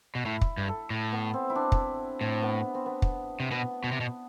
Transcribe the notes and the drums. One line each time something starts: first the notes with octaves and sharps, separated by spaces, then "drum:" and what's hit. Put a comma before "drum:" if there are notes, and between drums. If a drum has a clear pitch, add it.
B2
A2 E4
drum: kick
G2
A4
A2
B3
C4
E4
D4
drum: kick
A2 C4
B3
C4
B3
drum: kick
C3
B2 B3
B2
C3
B2